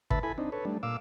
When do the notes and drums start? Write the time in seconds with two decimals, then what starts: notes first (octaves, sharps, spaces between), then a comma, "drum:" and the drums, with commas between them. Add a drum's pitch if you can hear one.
0.10 D2 B4 E5 A5 B5, drum: kick
0.23 E4 A4 G#5 B5
0.38 C4 D4 D#4
0.52 A4 B4 C#5
0.65 G3 A3 D4
0.83 A#2 F5 D6 E6